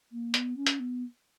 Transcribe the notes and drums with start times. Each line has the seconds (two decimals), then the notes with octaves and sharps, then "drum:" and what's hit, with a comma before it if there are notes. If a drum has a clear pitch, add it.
0.11 A#3
0.34 B3, drum: hi-hat
0.56 C#4
0.67 drum: hi-hat
0.79 B3